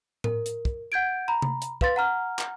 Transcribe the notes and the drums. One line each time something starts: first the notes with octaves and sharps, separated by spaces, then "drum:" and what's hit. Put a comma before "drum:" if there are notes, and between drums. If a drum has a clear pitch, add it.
A#4, drum: tom A2
drum: hi-hat
drum: kick
F#5 G6 G#6 D7
A#5 B5
drum: tom C3
drum: hi-hat
B4 F5 C6 A6, drum: kick
F#5 A#5 F6
drum: clap